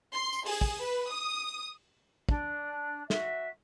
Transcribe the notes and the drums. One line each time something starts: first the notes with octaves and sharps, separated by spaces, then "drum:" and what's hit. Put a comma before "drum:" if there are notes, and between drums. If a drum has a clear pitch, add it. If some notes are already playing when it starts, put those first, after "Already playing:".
C6
drum: tambourine
G#4, drum: open hi-hat
drum: kick
B4
D#6
D4, drum: kick
F#4 E5, drum: snare